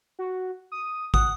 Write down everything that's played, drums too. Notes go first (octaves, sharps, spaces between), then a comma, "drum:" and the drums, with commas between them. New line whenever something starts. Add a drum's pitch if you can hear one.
F#4
D#6
F#5 D#6, drum: kick